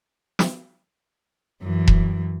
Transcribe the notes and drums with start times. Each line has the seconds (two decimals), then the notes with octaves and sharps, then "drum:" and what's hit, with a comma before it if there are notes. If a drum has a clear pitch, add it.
0.39 drum: snare
1.63 F#2 E3
1.88 drum: kick E1